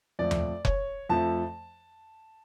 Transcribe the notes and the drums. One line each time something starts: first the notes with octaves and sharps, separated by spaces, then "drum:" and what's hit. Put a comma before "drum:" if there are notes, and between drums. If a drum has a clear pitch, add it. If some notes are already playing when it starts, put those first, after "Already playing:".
F2 F3 A3 D5
drum: tom D#2
C#5, drum: kick F1
F2 F3 A3 A5